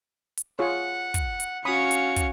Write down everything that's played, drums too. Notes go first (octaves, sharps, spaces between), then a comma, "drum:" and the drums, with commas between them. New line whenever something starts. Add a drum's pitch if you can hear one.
drum: hi-hat
F4 G#4 C#5 F#5
drum: kick, hi-hat
drum: hi-hat
C#4 F#4 F5 B5 D#6 C#7
drum: hi-hat
drum: kick, hi-hat